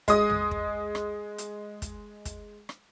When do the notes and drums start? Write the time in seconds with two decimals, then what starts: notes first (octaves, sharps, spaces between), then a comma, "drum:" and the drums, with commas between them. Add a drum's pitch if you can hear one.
0.08 G#3 D#6, drum: kick, hi-hat
0.29 drum: tom
0.51 drum: kick
0.95 drum: rim click
1.38 drum: hi-hat
1.82 drum: kick, hi-hat
2.25 drum: kick, hi-hat
2.69 drum: rim click